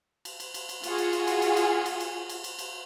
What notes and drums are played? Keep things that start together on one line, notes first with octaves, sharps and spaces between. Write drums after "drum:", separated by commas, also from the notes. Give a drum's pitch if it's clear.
drum: cymbal
drum: cymbal
drum: cymbal
drum: cymbal
F4 F#4 G#4, drum: cymbal
drum: cymbal
drum: cymbal
drum: cymbal
drum: cymbal
drum: cymbal
drum: cymbal
drum: cymbal
drum: cymbal
drum: cymbal
drum: cymbal